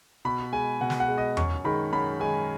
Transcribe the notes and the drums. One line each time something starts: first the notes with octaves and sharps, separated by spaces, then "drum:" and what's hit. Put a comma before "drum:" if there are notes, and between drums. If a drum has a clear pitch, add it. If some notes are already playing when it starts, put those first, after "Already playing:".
B2 B5
G#3 G#5
B2 F#5
drum: snare
F#5
G#3
D#5
F#2 C#6, drum: tom E2
D#3 G#3 B5
F#2 B5
D#3 G#3 G#5